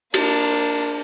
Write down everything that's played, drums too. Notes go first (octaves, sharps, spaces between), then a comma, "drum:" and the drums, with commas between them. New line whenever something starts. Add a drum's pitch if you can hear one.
A#3 D4, drum: cymbal